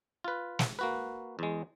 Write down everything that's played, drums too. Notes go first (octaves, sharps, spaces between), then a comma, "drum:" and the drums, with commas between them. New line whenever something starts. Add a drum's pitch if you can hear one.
F4 B4
drum: snare
A#3 F#4 B4
E2 G#3